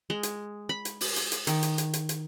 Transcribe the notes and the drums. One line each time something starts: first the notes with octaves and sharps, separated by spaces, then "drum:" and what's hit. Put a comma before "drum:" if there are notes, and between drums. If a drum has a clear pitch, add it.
G#3
drum: hi-hat
B5
drum: hi-hat
drum: open hi-hat
drum: hi-hat
drum: hi-hat
D#3, drum: hi-hat
drum: hi-hat
drum: hi-hat
drum: hi-hat
drum: hi-hat